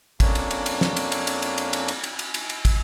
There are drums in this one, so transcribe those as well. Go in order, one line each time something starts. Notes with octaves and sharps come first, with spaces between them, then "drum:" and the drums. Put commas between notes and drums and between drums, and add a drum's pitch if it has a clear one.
F2 A#3 C#4 D4, drum: kick, cymbal
drum: cymbal
drum: cymbal
drum: cymbal
drum: snare
drum: cymbal
drum: cymbal
drum: cymbal
drum: cymbal
drum: cymbal
drum: cymbal
drum: cymbal
drum: cymbal
drum: cymbal
drum: cymbal
drum: cymbal
drum: kick, cymbal